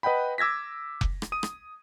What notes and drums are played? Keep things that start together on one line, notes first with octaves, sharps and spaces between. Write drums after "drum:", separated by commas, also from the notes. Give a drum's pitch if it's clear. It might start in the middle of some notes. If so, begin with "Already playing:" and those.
B4 D#5 F#5 G5 B5
D6 E6 G#6 A#6 B6
drum: kick F1
drum: rim click
D#6 D#7
drum: rim click